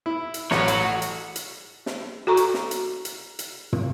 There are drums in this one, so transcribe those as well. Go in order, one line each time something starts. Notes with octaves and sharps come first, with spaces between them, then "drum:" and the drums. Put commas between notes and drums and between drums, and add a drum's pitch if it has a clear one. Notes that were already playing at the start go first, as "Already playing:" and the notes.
E4
drum: hi-hat
A1 F#4 C#5, drum: snare
drum: hi-hat
drum: hi-hat
drum: hi-hat
drum: snare
F#4 A4 A#5 C#6
drum: hi-hat
drum: snare
drum: hi-hat
drum: hi-hat
drum: hi-hat
drum: tom